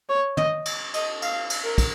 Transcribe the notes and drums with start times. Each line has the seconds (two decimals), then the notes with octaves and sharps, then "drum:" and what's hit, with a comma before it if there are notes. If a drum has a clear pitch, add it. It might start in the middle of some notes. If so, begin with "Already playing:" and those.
0.09 C#5
0.37 D#5, drum: tom
0.65 drum: cymbal
0.94 D#5, drum: cymbal
1.22 F5, drum: cymbal
1.50 drum: cymbal
1.64 A#4
1.78 drum: kick, cymbal